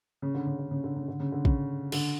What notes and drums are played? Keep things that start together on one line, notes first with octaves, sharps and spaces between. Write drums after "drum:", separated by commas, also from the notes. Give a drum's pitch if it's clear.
C#3
D3
C#3
D3
C#3
D3
C#3
D3
C#3
D3
C#3, drum: kick
D3, drum: cymbal